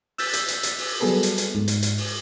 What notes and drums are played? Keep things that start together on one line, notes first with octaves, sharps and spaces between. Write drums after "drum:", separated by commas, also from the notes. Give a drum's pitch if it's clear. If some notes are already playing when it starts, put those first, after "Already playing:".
E6 F#6 G6 A6 B6, drum: open hi-hat
drum: hi-hat
drum: hi-hat
drum: hi-hat
drum: open hi-hat
F#3 G3 B3 G#4 A4 B4
drum: hi-hat
drum: hi-hat
G#2
drum: hi-hat
drum: hi-hat
drum: open hi-hat